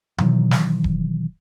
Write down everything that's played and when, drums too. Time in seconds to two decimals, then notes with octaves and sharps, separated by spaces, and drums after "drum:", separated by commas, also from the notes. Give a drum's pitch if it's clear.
0.18 B2 D#3 E3 F#3, drum: tom B2
0.51 drum: snare
0.84 drum: kick D#1